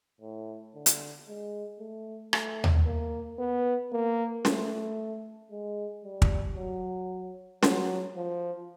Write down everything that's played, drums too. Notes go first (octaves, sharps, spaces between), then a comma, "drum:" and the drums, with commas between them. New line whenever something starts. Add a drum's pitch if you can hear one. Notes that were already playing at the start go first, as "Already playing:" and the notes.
A2
D3
drum: hi-hat
G#3
A3
A3, drum: rim click
drum: tom D#2
A#3
B3
A#3
A3, drum: snare
G#3
G3
drum: kick
F#3
F#3, drum: snare
F3